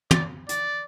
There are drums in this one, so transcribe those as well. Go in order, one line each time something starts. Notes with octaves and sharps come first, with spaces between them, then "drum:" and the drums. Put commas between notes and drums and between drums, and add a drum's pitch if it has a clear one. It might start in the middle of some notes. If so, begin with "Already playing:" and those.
D5, drum: tom
D5, drum: hi-hat